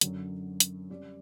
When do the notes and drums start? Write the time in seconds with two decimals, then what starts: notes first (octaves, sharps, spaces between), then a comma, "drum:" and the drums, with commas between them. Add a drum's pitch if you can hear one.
0.01 F#2 D3 F#3 C#4, drum: hi-hat
0.60 drum: hi-hat
0.90 G3 C#4 G4 D5